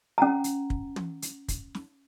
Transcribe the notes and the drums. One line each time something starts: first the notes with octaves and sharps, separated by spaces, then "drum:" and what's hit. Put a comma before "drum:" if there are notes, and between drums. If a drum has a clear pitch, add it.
C#4 F#5 A#5
drum: hi-hat
drum: kick
drum: tom
drum: hi-hat
drum: kick, hi-hat
drum: snare